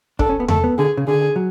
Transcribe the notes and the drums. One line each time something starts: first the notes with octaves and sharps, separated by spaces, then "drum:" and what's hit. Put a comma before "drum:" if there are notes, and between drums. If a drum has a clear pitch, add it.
D4 A4, drum: kick
C#4
B3
A3 A4, drum: tom E2
B3
D3 G#4
C#3
D3 G#4
F#3